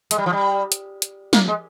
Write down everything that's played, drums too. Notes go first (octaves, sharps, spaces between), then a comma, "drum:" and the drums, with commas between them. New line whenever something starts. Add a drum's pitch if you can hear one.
G#3, drum: hi-hat
G3
F3
G3
drum: hi-hat
drum: hi-hat
A#3, drum: snare
G#3